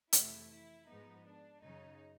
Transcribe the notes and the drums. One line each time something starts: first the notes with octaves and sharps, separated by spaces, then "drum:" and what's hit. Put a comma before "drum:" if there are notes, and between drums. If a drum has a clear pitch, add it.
F2 C3 E3 A3 E4, drum: hi-hat
E4
G#2 F3 G#3 B3 D#4
D4
F#2 C#3 F#3 D#4